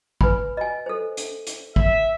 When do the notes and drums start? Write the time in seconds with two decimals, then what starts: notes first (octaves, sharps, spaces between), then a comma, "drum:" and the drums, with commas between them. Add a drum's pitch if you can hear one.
0.21 B4 G#5 B5, drum: kick
0.57 D#5 G#5
0.86 A4 C5
1.17 drum: hi-hat
1.47 drum: hi-hat
1.76 E5, drum: kick